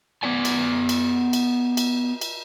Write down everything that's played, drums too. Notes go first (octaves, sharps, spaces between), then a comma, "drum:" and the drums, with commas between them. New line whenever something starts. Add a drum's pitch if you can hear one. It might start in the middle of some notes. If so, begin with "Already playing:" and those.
B3 C#5 D5 G#5
drum: cymbal
drum: cymbal
drum: cymbal
drum: cymbal
drum: cymbal